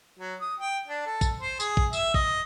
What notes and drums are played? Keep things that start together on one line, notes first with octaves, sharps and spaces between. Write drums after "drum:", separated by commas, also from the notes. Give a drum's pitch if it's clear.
F#3
D#6
G5
D4
A4
drum: kick, tambourine
C5
G#4, drum: tambourine
drum: kick
E5, drum: tambourine
D#5, drum: kick